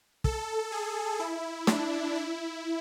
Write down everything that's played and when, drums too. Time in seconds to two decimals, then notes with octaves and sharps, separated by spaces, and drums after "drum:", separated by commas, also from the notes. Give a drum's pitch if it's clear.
0.24 A4, drum: kick
0.72 G#4
1.19 E4
1.67 D4, drum: snare
2.15 E4